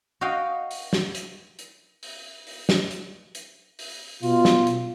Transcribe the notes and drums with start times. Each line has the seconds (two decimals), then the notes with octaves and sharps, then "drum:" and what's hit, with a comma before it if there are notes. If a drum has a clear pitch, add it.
0.21 F#4 D#5 F5 G5
0.71 drum: open hi-hat
0.93 drum: snare
1.15 drum: hi-hat
1.59 drum: hi-hat
2.03 drum: open hi-hat
2.47 drum: open hi-hat
2.69 drum: snare
2.91 drum: hi-hat
3.35 drum: hi-hat
3.79 drum: open hi-hat
4.23 B2 F4, drum: open hi-hat
4.45 drum: snare
4.67 drum: hi-hat